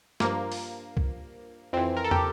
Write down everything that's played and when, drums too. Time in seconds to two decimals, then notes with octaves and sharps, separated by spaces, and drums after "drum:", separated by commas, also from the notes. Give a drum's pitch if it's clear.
0.20 G2 F3 A#3, drum: snare
0.52 drum: open hi-hat
0.97 drum: kick C2
1.73 F2 E3 C4
1.97 A#4
2.04 A4
2.11 G4, drum: tom